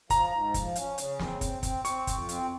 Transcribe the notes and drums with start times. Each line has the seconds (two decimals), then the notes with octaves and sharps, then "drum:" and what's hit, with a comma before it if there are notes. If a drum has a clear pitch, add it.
0.10 F3 A#5, drum: kick, hi-hat
0.32 G#2
0.54 F3, drum: kick, hi-hat
0.76 C#4, drum: hi-hat
0.98 C#3, drum: hi-hat
1.19 C4, drum: snare
1.41 C4, drum: kick, hi-hat
1.63 C4, drum: kick, hi-hat
1.85 C4 C#6, drum: hi-hat
2.07 F2, drum: kick, hi-hat
2.29 C4, drum: hi-hat